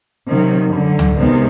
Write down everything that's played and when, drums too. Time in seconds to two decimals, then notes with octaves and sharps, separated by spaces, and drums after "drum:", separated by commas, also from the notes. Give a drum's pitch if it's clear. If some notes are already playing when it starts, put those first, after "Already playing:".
0.28 C3 D#3 F#3
0.73 F#2 D3 F#3
0.99 drum: tom C#2
1.17 C3 D#3 G#3 B3